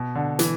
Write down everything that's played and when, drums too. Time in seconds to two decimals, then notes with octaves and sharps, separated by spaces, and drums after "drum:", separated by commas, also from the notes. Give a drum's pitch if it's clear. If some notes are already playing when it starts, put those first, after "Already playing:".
Already playing: B2
0.15 D3
0.39 E3, drum: hi-hat